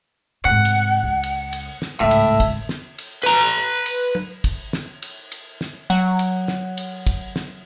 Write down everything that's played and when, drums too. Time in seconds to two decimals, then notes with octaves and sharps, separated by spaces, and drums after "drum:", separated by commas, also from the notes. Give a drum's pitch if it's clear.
0.45 G#2 C3 F#5
0.65 drum: cymbal
1.03 C#2
1.23 drum: cymbal
1.53 drum: cymbal
1.82 drum: snare
2.00 G#1 C#2 A2 E5
2.11 drum: cymbal
2.40 drum: kick, cymbal
2.69 drum: snare
2.98 drum: cymbal
3.23 B4 A#5
3.86 drum: cymbal
4.15 drum: tom
4.44 drum: kick, cymbal
4.73 drum: snare
5.02 drum: cymbal
5.32 drum: cymbal
5.61 drum: snare
5.90 F#3 F#5, drum: cymbal
6.19 drum: cymbal
6.48 drum: snare
6.77 drum: cymbal
7.07 drum: kick, cymbal
7.36 drum: snare